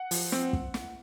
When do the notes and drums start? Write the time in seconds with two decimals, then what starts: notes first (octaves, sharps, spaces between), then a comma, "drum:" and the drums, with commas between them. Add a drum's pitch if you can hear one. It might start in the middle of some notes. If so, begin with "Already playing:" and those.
Already playing: F#5
0.11 F3, drum: open hi-hat
0.32 C4, drum: snare
0.53 drum: kick
0.74 drum: snare